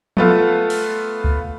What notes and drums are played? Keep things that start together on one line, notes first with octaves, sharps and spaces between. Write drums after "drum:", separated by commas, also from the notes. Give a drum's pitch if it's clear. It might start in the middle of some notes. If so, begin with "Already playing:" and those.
A3 B3 F4 A4, drum: tom F3
drum: open hi-hat
drum: kick C#2